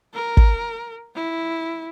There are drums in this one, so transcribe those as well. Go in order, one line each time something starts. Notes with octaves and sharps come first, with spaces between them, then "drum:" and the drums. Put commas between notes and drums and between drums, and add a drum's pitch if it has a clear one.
A#4
drum: kick
E4